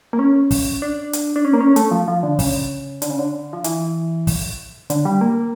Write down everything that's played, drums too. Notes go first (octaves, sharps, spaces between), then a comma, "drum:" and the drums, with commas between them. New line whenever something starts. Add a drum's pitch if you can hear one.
A#3
C#4
drum: kick, open hi-hat
D4
drum: hi-hat
D4
C#4
A#3
C#4
A3, drum: hi-hat
F3
F3
D3
C#3, drum: kick, open hi-hat
D3, drum: hi-hat
C#3
D3
F3
E3, drum: hi-hat
drum: kick, open hi-hat
D3, drum: hi-hat
G3
A#3